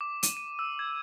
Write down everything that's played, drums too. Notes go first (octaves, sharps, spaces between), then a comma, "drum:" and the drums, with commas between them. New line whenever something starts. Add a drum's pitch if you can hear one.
D6
D#7, drum: hi-hat
D#7
E6
G#6